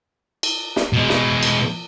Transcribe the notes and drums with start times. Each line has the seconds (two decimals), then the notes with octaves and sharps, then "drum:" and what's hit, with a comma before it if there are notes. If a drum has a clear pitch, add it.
0.43 drum: cymbal
0.76 drum: snare
0.93 B2 G#3
1.09 drum: snare
1.43 drum: cymbal